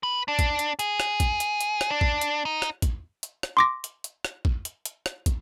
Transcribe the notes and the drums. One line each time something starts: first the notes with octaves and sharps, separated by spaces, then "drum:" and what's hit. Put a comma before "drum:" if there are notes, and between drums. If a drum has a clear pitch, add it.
B4
D4
drum: kick, hi-hat
drum: hi-hat
G#4, drum: hi-hat
drum: rim click
drum: kick, hi-hat
drum: hi-hat
drum: hi-hat
drum: rim click
D4
drum: kick
drum: hi-hat
D#4
drum: rim click
drum: kick, hi-hat
drum: hi-hat
drum: rim click
C6 D6 A#6
drum: hi-hat
drum: hi-hat
drum: rim click
drum: kick
drum: hi-hat
drum: hi-hat
drum: rim click
drum: kick, hi-hat